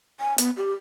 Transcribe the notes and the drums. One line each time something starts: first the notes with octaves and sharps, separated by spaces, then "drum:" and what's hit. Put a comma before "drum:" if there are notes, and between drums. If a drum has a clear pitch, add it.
G#5
B3, drum: hi-hat
G4